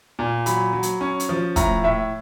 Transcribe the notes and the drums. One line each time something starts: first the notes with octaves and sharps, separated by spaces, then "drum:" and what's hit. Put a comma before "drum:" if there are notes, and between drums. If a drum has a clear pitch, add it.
A#2
F#3 B5, drum: hi-hat
F#3
drum: hi-hat
C#4
drum: hi-hat
F3
A2 A#5, drum: kick, hi-hat
A2 E5